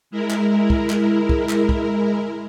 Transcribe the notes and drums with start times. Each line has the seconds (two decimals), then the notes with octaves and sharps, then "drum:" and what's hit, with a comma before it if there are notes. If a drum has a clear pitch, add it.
0.11 G#3 E4 A#4
0.30 drum: clap
0.70 drum: kick
0.90 drum: clap
1.29 drum: kick
1.49 drum: clap
1.69 drum: kick